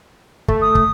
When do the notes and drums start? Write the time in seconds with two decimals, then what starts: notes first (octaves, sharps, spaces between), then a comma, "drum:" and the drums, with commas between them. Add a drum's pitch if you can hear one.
0.48 A3, drum: kick
0.62 D#6
0.75 drum: kick